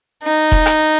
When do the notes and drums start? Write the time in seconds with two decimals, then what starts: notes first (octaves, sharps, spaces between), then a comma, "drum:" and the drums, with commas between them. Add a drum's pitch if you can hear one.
0.23 D#4
0.52 drum: kick E1
0.66 drum: rim click